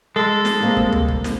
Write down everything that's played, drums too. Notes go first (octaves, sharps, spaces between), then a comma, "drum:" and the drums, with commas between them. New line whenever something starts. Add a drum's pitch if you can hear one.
G#3 A4
drum: snare
G3 A#3 C4
drum: kick
drum: tom D2
drum: kick
drum: snare